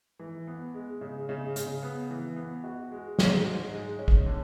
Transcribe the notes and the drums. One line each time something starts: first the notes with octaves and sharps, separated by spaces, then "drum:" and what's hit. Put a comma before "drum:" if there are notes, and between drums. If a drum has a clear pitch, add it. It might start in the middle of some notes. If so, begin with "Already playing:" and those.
E3
B3
G#3
C#3
C#3
C#3, drum: hi-hat
B3
E3
B3
F#4
G#3
G#2, drum: snare
G#2
G#3
C#4
drum: kick
D3